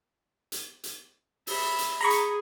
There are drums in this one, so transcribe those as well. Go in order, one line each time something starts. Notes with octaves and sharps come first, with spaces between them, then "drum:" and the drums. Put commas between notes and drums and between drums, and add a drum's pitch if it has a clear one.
drum: hi-hat
drum: hi-hat
E5 B5, drum: open hi-hat
drum: hi-hat
G#4 A#5 B5 C#6
drum: hi-hat